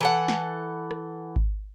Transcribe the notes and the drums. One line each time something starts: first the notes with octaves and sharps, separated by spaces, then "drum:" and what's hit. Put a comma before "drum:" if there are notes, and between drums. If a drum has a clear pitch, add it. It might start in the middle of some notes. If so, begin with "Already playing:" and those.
E3 A4 F#5
drum: snare
drum: rim click
drum: kick G#1